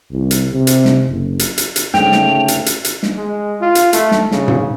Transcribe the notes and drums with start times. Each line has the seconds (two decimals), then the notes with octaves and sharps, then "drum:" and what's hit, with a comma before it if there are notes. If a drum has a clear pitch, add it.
0.11 C2
0.31 drum: hi-hat
0.53 C3
0.67 drum: hi-hat
0.85 drum: snare
1.08 F#1
1.39 drum: hi-hat
1.58 drum: hi-hat
1.76 drum: hi-hat
1.94 D2 G#2 C#3 A3 G5 F7, drum: snare
2.12 drum: snare
2.48 drum: hi-hat
2.66 drum: hi-hat
2.85 drum: hi-hat
3.03 drum: snare
3.16 G#3
3.61 F4
3.75 drum: hi-hat
3.93 A3, drum: hi-hat
4.11 drum: snare
4.32 C#3, drum: snare
4.48 drum: tom G#2